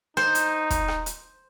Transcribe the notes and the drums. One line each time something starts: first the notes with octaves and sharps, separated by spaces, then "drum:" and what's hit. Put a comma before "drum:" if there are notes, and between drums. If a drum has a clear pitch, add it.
D#4 C5, drum: rim click
drum: hi-hat
drum: kick, hi-hat
drum: rim click
drum: hi-hat